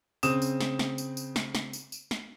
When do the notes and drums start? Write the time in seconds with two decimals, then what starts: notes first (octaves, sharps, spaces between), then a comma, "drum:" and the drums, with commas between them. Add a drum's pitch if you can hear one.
0.23 C#3 C4 D#6 E7, drum: tambourine
0.42 drum: tambourine
0.61 drum: snare
0.79 drum: snare
0.98 drum: tambourine
1.17 drum: tambourine
1.36 drum: snare
1.55 drum: snare
1.73 drum: tambourine
1.92 drum: tambourine
2.11 drum: snare